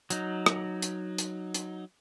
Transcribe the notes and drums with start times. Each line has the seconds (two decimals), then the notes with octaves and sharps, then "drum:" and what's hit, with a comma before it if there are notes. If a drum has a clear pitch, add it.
0.10 F#3 D#4, drum: hi-hat
0.46 drum: rim click
0.82 drum: hi-hat
1.18 drum: hi-hat
1.54 drum: hi-hat